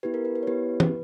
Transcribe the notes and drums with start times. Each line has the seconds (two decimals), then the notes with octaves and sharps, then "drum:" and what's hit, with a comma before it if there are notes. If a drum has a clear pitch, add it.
0.03 B3 E4 G4 B4
0.14 A#4
0.25 B4
0.35 B4
0.43 C#5
0.47 B3 E4 G4 B4
0.80 drum: tom E3